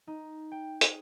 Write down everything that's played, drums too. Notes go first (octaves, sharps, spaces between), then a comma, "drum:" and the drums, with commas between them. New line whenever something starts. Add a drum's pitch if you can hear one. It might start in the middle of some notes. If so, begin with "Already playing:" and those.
D#4
G5
G#4, drum: hi-hat